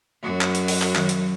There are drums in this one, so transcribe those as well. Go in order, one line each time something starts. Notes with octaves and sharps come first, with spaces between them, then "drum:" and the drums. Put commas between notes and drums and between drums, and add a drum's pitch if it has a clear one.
F#2 F#4
drum: clap
drum: hi-hat
drum: open hi-hat
drum: clap
D#3 F#3, drum: clap
drum: hi-hat